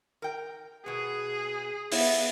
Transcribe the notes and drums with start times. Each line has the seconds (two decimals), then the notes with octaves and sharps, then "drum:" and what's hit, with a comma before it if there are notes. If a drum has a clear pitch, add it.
0.22 A#4 G5
0.86 B2 B3 G#4
1.92 B3 E4, drum: open hi-hat